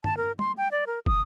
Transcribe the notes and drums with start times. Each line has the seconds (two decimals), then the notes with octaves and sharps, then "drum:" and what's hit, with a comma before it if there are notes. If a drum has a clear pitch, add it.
0.04 A5, drum: tom
0.17 A#4
0.39 C6, drum: tom
0.57 G5
0.71 D5
0.87 A#4
1.06 D#6, drum: kick